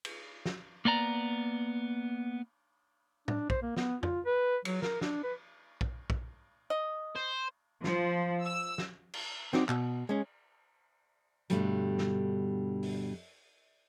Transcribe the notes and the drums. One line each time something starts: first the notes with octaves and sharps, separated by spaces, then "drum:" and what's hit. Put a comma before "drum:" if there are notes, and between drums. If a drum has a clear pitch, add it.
drum: cymbal
drum: snare
A#3 B3 D5 A#5
D4, drum: tom
C5, drum: kick
A#3
B3, drum: snare
F4, drum: tom F2
B4
F#3, drum: cymbal
A#4, drum: snare
D4, drum: snare
B4
drum: kick
drum: kick
D#5
C5
F3, drum: snare
E6
drum: snare
drum: cymbal
C4 D#4 F#4 D5, drum: snare
B2, drum: clap
G#3 C#4
G2 B2 D3 G3 A3, drum: hi-hat
drum: snare
drum: open hi-hat